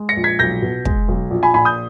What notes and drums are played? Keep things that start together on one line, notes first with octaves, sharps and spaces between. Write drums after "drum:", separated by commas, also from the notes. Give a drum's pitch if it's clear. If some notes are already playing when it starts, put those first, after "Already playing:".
Already playing: G#3
A#6 C#7
A#1
G#6 B6
B1 G6 A#6
B2
G#3, drum: kick
B1
A#1
G#5 B5
A#2 G#5 B5
D#6 G6